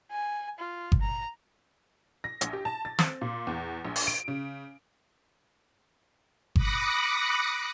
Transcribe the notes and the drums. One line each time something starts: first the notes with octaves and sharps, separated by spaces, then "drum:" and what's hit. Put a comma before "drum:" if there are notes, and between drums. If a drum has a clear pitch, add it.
G#5
F4
drum: kick G1
A#5
A#6
A#1, drum: hi-hat
G4
A5
A6
C4, drum: snare
A#2
E2
A#1
drum: open hi-hat
D7
C#3
B5 D6 D#6 F#6 A#6 C#7, drum: kick G1